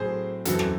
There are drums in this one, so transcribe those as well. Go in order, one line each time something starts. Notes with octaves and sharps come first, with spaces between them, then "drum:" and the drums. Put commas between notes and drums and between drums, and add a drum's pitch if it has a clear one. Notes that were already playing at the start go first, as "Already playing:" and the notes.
Already playing: A2 F#3 A3 C4 G#4 C5
F#2 E3 C4 F#4 A4, drum: hi-hat
drum: rim click